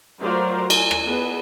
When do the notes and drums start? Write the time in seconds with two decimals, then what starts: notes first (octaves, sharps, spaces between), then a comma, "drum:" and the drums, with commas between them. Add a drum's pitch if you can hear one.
0.19 F#3 A3 F4 A#4 C5 D5
0.70 G#5, drum: cymbal
0.91 drum: rim click
1.05 B3 G#4